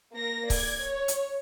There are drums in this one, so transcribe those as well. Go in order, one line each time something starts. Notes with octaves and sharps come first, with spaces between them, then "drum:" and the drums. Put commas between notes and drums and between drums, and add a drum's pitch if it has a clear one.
A#3 A#4 A#6
D5 G#6, drum: kick C#1, open hi-hat
C#5
drum: hi-hat